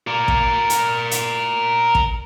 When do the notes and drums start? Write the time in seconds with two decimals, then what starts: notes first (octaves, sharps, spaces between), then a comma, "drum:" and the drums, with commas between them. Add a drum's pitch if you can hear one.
0.07 A#4 D5
0.28 drum: kick
0.70 drum: hi-hat
1.11 drum: hi-hat
1.95 drum: kick